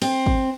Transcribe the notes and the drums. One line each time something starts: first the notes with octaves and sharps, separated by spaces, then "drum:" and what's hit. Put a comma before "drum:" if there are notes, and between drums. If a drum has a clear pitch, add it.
C4, drum: cymbal
drum: kick G#1